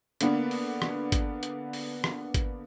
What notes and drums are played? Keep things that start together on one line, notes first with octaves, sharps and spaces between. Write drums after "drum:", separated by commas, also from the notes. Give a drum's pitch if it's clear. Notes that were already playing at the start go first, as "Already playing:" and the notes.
D3 A#3 B3 D4 B4, drum: hi-hat
drum: open hi-hat
drum: rim click
drum: kick G#1, hi-hat
drum: hi-hat
drum: open hi-hat
drum: rim click
drum: kick G#1, hi-hat